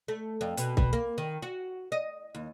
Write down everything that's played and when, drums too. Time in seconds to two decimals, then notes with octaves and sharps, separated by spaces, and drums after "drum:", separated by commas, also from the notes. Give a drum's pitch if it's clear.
0.08 A3
0.41 F2
0.57 B2, drum: hi-hat
0.77 B2, drum: kick C2
0.93 A#3
1.18 D#3
1.42 F#4
1.92 D#5
2.35 D#2